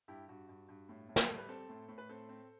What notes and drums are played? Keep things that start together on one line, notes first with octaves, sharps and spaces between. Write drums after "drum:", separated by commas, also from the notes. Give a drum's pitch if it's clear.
G2 E4 G4
G2 F#4
G2
G2
A2
A2
G4, drum: snare
G3 A4
B4
C4 A4 C5
A2
A2
B4
C4 A4 C5
C4